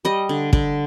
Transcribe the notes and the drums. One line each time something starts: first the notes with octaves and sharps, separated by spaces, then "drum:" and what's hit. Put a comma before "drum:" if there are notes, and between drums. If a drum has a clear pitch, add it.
G3 D#5
D3
D3, drum: kick